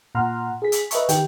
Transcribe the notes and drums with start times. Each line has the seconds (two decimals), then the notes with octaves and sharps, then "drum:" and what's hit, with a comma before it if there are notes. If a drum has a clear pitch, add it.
0.15 A#2 F#5 A#5 C6 F6
0.62 G#4 B6
0.72 drum: hi-hat
0.91 B4 D#5 E5 A#5 C#6, drum: hi-hat
1.09 D#3 G4 G5, drum: hi-hat